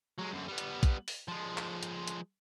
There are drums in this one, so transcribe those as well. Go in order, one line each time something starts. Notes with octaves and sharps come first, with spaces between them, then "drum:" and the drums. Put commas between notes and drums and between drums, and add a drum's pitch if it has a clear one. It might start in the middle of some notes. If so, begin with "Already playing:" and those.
F#3 G#3
F#2 D3
G3 B3
drum: hi-hat
drum: kick, hi-hat
drum: open hi-hat
F3 G#3
drum: clap
drum: hi-hat
drum: hi-hat